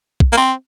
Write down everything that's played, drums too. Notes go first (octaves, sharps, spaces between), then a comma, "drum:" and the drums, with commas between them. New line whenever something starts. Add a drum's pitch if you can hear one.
drum: kick
A#3
C4